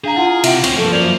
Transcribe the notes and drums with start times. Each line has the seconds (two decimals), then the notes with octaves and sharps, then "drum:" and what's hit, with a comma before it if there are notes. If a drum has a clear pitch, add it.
0.04 D4 G#4 F5 A#5
0.16 E4 F4 F#5
0.44 C3 E5 F#5 G5, drum: cymbal
0.64 D2 C4 C#4 C#6, drum: cymbal
0.78 G2 F3 A#3 A4 D7
0.92 F#2 A#3 F4 C5 D5 F7